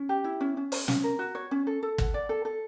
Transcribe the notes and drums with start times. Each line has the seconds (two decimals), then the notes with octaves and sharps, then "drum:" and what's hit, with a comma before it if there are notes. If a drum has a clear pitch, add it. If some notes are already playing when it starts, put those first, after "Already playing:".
Already playing: C#4
0.09 G4
0.24 E4
0.41 C#4
0.57 C#4
0.72 C#5, drum: open hi-hat
0.88 C#4, drum: snare
1.04 A#4
1.19 F#4
1.35 C#5
1.51 C#4
1.67 A4
1.83 A4
1.98 F#5, drum: kick
2.14 D5
2.29 A4
2.45 A4